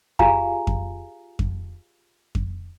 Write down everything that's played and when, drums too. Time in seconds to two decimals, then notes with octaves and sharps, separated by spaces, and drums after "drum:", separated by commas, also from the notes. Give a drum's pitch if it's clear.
0.19 F4 G4 G#4 F5 G#5 A#5, drum: kick F2
0.67 drum: kick F2
1.39 drum: kick F2
2.35 drum: kick F2